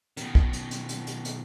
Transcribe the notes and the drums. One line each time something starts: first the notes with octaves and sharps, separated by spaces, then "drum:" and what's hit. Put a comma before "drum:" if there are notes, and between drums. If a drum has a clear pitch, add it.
B2 D#3, drum: hi-hat
drum: kick
drum: hi-hat
drum: hi-hat
drum: hi-hat
drum: hi-hat
drum: hi-hat